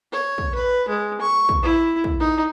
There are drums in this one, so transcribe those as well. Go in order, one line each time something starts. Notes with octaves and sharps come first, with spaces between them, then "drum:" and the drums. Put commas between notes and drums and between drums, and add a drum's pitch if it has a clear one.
C#5
drum: kick
B4
G#3
C#6
drum: kick
E4
drum: kick
D#4